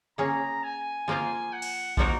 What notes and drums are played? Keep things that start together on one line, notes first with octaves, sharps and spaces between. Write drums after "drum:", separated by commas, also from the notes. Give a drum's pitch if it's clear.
A#3 C#4 G#4 C#5 A#5
G#5
F3 A#3 F4 C5
F#5
drum: cymbal
F3 A#3 D#4 F#4 A#4, drum: kick